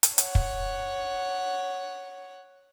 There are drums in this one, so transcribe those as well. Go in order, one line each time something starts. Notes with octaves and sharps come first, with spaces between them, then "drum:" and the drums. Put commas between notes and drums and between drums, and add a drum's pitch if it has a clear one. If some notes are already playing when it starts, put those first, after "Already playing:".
drum: hi-hat
C#5 F#5, drum: hi-hat
drum: kick